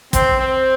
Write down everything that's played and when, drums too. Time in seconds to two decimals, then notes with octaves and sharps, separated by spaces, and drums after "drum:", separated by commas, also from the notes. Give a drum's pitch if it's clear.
0.13 C4, drum: kick, hi-hat
0.39 C4